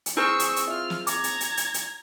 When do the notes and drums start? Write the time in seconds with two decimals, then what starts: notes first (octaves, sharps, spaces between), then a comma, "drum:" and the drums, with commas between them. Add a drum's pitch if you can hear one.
0.06 drum: hi-hat
0.17 C4 E4 G#4 B4 C#6 E6
0.39 drum: hi-hat
0.56 drum: hi-hat
0.68 F4 E5 F6
0.90 drum: snare
1.07 A#5 D6 G#6, drum: hi-hat
1.24 drum: hi-hat
1.40 drum: hi-hat
1.57 drum: hi-hat
1.74 drum: hi-hat